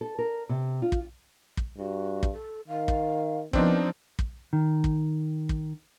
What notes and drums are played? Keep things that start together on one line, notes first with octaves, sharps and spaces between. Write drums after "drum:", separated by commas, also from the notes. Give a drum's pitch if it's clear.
A4
A#4
C3
F4
drum: kick
drum: kick
G2 F#4
drum: kick
A4
D#3 F5
drum: kick
F3 B3 C4 D4 D#4 A#4, drum: kick
drum: kick
D#3
drum: kick
drum: kick